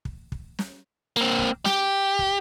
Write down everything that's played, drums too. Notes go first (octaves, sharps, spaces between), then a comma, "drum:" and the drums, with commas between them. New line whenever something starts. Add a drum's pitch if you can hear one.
drum: kick
drum: kick
drum: snare
A#3 C4
drum: kick
G4, drum: snare
drum: kick